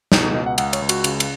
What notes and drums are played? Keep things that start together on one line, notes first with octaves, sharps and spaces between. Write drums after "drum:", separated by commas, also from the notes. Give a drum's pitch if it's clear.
B2 D#4, drum: snare
D#4
C#2 D#5
F#5
C#2 F#5, drum: cymbal
C#5, drum: cymbal
C#2
F#4, drum: cymbal
C#3, drum: cymbal
drum: cymbal